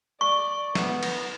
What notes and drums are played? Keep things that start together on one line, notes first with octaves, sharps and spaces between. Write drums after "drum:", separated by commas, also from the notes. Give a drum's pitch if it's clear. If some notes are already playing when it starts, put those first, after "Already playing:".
D5 C#6
B3, drum: snare
drum: cymbal